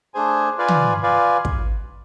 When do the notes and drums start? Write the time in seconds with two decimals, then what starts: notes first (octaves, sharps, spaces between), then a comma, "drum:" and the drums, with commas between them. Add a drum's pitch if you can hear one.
0.14 A3 D4 G#4 C5 G#5
0.58 F4 B4 D5 F5 G#5
0.68 drum: tom
1.02 F4 B4 D5 F5 G#5
1.45 drum: kick